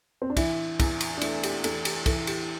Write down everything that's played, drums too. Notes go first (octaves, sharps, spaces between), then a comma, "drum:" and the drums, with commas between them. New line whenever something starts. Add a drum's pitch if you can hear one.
C4
D4
E3 E4, drum: kick, cymbal
E2, drum: kick, cymbal
drum: cymbal
D4
A3 E4, drum: cymbal
G4, drum: cymbal
E2 A4, drum: cymbal
G4, drum: cymbal
E3 A4, drum: kick, cymbal
G4, drum: cymbal